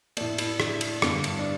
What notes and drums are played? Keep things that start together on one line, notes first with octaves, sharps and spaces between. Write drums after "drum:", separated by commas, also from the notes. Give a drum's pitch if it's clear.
A2 A3 D5, drum: cymbal
E4, drum: cymbal
D4, drum: rim click
drum: cymbal
G2 D3 G3, drum: rim click
drum: cymbal
D4